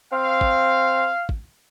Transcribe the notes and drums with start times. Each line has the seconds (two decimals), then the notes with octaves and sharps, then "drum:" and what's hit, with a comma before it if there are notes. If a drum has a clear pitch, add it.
0.12 C4 F5
0.41 drum: kick
1.29 drum: kick